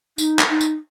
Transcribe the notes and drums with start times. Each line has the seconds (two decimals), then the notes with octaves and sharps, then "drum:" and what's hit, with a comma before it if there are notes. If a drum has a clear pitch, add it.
0.18 D#4, drum: tambourine
0.39 drum: clap
0.50 D#4
0.61 drum: tambourine